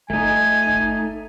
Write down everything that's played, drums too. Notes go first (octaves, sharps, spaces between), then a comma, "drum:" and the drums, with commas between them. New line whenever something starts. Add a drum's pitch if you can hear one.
A3 D#4 G#5, drum: kick G1
drum: kick G1